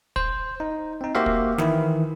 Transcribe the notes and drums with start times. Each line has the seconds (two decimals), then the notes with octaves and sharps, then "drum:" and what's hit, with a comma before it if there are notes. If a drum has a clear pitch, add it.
0.16 C5, drum: kick
0.60 D#4
1.01 C4 D#4
1.15 A#3 F#4 G4 C5 E5 F5
1.26 drum: kick
1.58 D#3 E3 E4, drum: snare